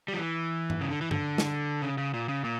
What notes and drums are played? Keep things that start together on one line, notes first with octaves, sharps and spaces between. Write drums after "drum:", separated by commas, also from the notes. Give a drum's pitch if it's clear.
G3
F3
E3
drum: tom G2
C#3
D3
E3
D3, drum: tom G2
drum: snare
C#3
C#3
A#2
C#3
A#2